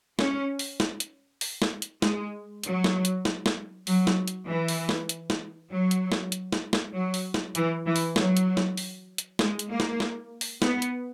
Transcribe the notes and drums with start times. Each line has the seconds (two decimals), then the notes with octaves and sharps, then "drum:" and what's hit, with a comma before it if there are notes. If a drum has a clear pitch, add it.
0.19 C#4, drum: snare
0.59 drum: open hi-hat
0.80 drum: snare
1.00 drum: hi-hat
1.41 drum: open hi-hat
1.62 drum: snare
1.82 drum: hi-hat
2.02 G#3, drum: snare
2.64 F#3, drum: hi-hat
2.84 drum: snare
3.05 drum: hi-hat
3.25 drum: snare
3.46 drum: snare
3.87 F#3, drum: open hi-hat
4.07 drum: snare
4.28 drum: hi-hat
4.48 E3
4.68 drum: open hi-hat
4.89 drum: snare
5.09 drum: hi-hat
5.30 drum: snare
5.70 F#3
5.91 drum: hi-hat
6.12 drum: snare
6.32 drum: hi-hat
6.53 drum: snare
6.73 drum: snare
6.93 F#3
7.14 drum: open hi-hat
7.34 drum: snare
7.55 E3, drum: hi-hat
7.86 E3
7.96 drum: open hi-hat
8.16 F#3, drum: snare
8.37 drum: hi-hat
8.57 drum: snare
8.77 drum: open hi-hat
9.18 drum: hi-hat
9.39 G#3, drum: snare
9.59 drum: hi-hat
9.69 A#3
9.80 drum: snare
10.00 drum: snare
10.41 drum: open hi-hat
10.62 B3, drum: snare
10.82 drum: hi-hat